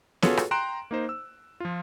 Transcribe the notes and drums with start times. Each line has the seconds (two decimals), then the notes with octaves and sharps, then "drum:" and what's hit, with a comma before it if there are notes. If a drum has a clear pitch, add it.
0.22 F4 F#4 G#4 A4 B4 C#5, drum: snare
0.37 drum: rim click
0.51 G5 A#5 C6 F#6 D7 E7
0.91 A#3 D#4 C5
1.09 E6
1.60 F3 F4